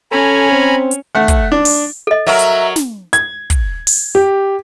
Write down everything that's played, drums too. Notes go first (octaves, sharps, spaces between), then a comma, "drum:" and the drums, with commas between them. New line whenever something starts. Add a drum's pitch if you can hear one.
C#4 A4 G#5 A#5 B5
C4
drum: hi-hat
A3 F#5
drum: kick, hi-hat
D4
drum: open hi-hat
A4 D#5
F#3 F#4 A#4 E5
drum: hi-hat
drum: snare
G#6, drum: hi-hat
drum: kick, hi-hat
drum: open hi-hat
G4